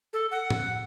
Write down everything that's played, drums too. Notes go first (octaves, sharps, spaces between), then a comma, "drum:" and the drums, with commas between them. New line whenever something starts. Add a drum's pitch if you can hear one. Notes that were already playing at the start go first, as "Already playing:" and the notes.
A4
F#5
drum: tom A2